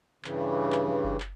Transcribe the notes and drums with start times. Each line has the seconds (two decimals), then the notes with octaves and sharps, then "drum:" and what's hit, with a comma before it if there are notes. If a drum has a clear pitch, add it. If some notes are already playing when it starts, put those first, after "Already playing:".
0.24 G2 C#3 E3, drum: clap
0.72 drum: clap
0.88 drum: tom E3
1.04 drum: kick F#1
1.20 drum: clap